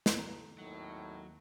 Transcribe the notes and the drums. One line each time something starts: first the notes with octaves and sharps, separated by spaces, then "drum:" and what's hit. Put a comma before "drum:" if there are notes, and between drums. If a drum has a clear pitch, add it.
drum: snare
D#2 A3 A#5
G#1 A2 D#3 F#3